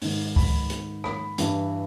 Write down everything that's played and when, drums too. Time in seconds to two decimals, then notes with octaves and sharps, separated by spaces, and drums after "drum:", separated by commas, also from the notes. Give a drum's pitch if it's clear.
0.02 G#2 D#3, drum: open hi-hat
0.36 B5, drum: kick C#2, open hi-hat
0.70 drum: hi-hat
1.04 B5, drum: rim click
1.38 G2 E3, drum: hi-hat